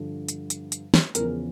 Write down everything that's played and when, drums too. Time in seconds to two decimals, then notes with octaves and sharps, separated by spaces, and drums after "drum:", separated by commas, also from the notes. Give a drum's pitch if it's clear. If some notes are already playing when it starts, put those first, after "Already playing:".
Already playing: G2 D3 F3
0.29 drum: hi-hat
0.50 drum: hi-hat
0.72 drum: hi-hat
0.94 drum: snare
1.15 E2 C#3 F3 A#4, drum: hi-hat